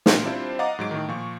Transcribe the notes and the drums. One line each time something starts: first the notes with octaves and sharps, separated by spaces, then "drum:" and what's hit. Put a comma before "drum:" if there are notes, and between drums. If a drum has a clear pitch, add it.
A#2 A#4 E5 C6 D7, drum: snare
G3 C4 D4 E4 F4 C5
D#5 F5 F#5 A#5 D6 A6
G#2 F#3 D7
A2 D#3
A#2 F3 C#6